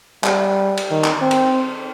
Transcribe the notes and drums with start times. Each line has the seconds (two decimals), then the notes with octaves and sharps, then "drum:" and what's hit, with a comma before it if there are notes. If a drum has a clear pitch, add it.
0.24 G3, drum: clap
0.77 drum: cymbal
0.91 D#3
1.04 drum: clap
1.21 C4
1.31 drum: cymbal